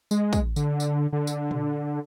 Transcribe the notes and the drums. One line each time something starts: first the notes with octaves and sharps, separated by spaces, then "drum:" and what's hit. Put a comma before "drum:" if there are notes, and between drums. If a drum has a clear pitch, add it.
G#3, drum: tambourine
drum: kick, tambourine
D3, drum: tambourine
drum: tambourine
D3
drum: tambourine
drum: tom A#2